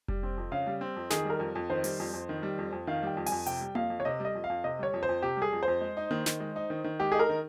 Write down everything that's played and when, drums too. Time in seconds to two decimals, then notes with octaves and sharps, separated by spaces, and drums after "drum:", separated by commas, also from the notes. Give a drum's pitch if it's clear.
0.08 G3, drum: kick F1
0.23 C4
0.37 F2
0.52 C#3 F5
0.67 G3
0.81 C4
0.96 F2
1.10 D#3 G#4, drum: snare
1.25 G3 A#4
1.40 F2
1.55 F2
1.70 D#3 C5
1.84 G3, drum: open hi-hat
2.00 F2
2.13 F2
2.29 D#3
2.43 G3
2.58 F2
2.72 F2
2.87 D#3 F5
3.03 G3 G5
3.17 F2
3.26 G#5, drum: open hi-hat
3.32 F2
3.46 C3 G5, drum: hi-hat
3.61 G3
3.75 F2 F5, drum: tom A#3
3.90 F2
4.00 C#5
4.05 C3 D#5
4.20 G3 D#5
4.35 F2
4.44 F5
4.50 F2
4.64 C3 D#5
4.79 G3 C#5
4.93 F2
5.03 C5
5.09 F2
5.22 C3 G4
5.37 G3 G#4
5.53 F2
5.63 F2 C5
5.81 G#3
5.97 D#4
6.11 D#3, drum: tom A#3
6.26 D#3, drum: snare
6.40 G#3
6.56 D#4
6.70 D#3
6.84 D#3
7.00 G#3 G4
7.12 G#4
7.14 D#4 A#4
7.29 D#3